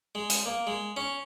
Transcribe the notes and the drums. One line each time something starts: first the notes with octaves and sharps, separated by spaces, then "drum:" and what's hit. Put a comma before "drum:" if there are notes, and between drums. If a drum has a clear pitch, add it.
G#3
drum: hi-hat
A#3
G#3
C#4